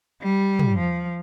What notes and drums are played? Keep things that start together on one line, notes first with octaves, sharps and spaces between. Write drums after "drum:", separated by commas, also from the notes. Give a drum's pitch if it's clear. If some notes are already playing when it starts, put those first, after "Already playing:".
G3
drum: tom
F3